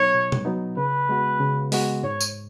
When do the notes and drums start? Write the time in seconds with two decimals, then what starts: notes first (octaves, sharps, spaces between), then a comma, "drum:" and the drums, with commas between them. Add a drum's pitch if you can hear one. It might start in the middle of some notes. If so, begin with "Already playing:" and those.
Already playing: B2 F#3 B3 D#4 C#5
0.14 B2
0.32 drum: tom B2
0.45 F#3 B3 D#4
0.77 C#3 B4
1.09 G#3 B3 F#4
1.40 C#3
1.72 G#3 B3 F#4, drum: open hi-hat
2.03 G#2 C#5
2.21 drum: tambourine